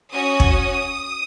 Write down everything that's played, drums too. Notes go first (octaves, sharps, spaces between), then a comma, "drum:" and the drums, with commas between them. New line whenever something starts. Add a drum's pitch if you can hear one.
C#4 F#4 D#6
drum: kick